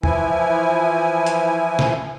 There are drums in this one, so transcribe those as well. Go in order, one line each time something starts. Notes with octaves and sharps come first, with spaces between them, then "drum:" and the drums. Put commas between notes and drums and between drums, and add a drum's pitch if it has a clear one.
E3 F3 E4 G#5, drum: tom E2
drum: hi-hat
drum: snare